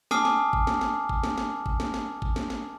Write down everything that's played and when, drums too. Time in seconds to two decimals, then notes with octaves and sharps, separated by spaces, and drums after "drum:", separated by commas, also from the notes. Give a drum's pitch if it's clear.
0.11 G#5 A5 D6 D#6 F6 C7, drum: snare
0.25 drum: snare
0.53 drum: kick G1
0.67 drum: snare
0.81 drum: snare
1.09 drum: kick G1
1.23 drum: snare
1.38 drum: snare
1.66 drum: kick G1
1.80 drum: snare
1.94 drum: snare
2.22 drum: kick G1
2.36 drum: snare
2.50 drum: snare